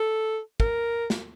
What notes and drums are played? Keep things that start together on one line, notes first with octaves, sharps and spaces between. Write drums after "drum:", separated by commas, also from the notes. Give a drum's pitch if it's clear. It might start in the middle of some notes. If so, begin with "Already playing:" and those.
Already playing: A4
A#4, drum: kick
drum: snare